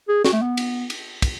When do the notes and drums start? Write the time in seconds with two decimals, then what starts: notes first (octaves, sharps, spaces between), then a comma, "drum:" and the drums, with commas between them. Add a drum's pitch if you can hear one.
0.09 G#4
0.24 F#4, drum: snare
0.33 A3
0.42 B3
0.57 drum: cymbal
0.90 drum: cymbal
1.22 drum: kick, cymbal